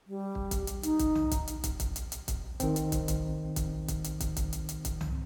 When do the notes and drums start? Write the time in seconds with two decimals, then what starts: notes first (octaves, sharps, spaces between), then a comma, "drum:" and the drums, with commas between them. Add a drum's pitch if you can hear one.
0.07 G3
0.35 drum: kick
0.51 drum: kick, hi-hat
0.67 drum: hi-hat
0.83 D#4, drum: hi-hat
0.99 drum: kick, hi-hat
1.15 drum: tom C2
1.31 drum: kick, hi-hat
1.47 drum: hi-hat
1.64 drum: kick, hi-hat
1.80 drum: kick, hi-hat
1.96 drum: hi-hat
2.12 drum: hi-hat
2.28 drum: kick, hi-hat
2.60 D#3 C4, drum: kick, hi-hat
2.76 drum: hi-hat
2.92 drum: kick, hi-hat
3.08 drum: kick, hi-hat
3.56 drum: kick, hi-hat
3.88 drum: kick, hi-hat
4.04 drum: hi-hat
4.20 drum: kick, hi-hat
4.36 drum: kick, hi-hat
4.53 drum: hi-hat
4.69 drum: hi-hat
4.85 drum: kick, hi-hat
5.01 drum: tom C2